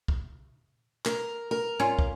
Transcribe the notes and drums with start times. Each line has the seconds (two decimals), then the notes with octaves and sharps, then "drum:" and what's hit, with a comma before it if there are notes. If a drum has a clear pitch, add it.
0.08 drum: kick
1.06 A#4, drum: clap
1.51 A#4
1.80 C#4 F4
1.99 drum: kick